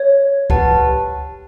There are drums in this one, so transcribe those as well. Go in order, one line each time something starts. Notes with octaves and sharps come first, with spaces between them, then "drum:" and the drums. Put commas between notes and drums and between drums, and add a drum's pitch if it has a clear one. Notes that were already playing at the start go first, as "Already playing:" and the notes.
Already playing: C#5
G4 B4 F#5 A5, drum: kick